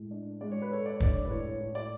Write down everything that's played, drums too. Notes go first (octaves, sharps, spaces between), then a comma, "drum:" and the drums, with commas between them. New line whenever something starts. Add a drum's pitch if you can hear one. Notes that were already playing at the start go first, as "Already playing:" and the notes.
Already playing: A2 G#3
D4
G#3 D5
C#5
B4
A4 C#5
D5
C#5
D4 D5, drum: kick
B4
A2 C#5
A2
D5